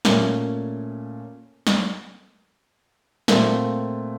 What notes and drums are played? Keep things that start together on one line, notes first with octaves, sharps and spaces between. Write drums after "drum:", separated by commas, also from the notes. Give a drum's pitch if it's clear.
A#2 A3 C#4, drum: snare
drum: snare
A#2 A3 C4 F4, drum: snare